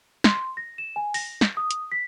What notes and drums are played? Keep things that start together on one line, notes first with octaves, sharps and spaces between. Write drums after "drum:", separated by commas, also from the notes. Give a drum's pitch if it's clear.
C6, drum: snare
A#6
E7
G#5
A#6, drum: open hi-hat
drum: snare
D#6
drum: hi-hat
B6